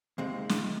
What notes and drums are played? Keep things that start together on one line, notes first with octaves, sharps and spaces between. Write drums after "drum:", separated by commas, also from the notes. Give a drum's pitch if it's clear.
D#2 C3 G#3
drum: snare